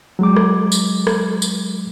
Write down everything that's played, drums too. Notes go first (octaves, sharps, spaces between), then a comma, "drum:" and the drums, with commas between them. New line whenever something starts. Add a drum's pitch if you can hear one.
F#3 G#3 D6
drum: rim click
drum: tambourine
drum: rim click
drum: tambourine